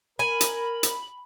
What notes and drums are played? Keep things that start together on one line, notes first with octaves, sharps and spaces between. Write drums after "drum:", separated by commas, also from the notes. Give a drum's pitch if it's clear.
A#4 G#5 B5
drum: hi-hat
drum: hi-hat